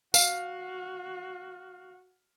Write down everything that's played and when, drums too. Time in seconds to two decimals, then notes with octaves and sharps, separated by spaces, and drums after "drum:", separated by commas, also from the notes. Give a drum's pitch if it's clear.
0.14 F#4 F5, drum: tambourine